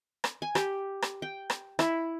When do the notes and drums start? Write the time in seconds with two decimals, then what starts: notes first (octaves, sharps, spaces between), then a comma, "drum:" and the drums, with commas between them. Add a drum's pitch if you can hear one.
0.24 drum: rim click
0.42 G#5
0.55 G4, drum: rim click
1.02 drum: rim click
1.22 G5
1.50 drum: rim click
1.79 E4, drum: rim click